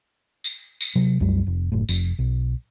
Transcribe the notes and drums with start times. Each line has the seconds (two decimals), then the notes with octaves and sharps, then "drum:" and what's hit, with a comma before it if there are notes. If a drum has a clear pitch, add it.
0.44 drum: tambourine
0.81 drum: tambourine
0.95 C3 F#3
1.20 C2 F#2 F#3 G3
1.46 F1
1.72 F#1 A2
1.89 F1, drum: tambourine
2.19 B1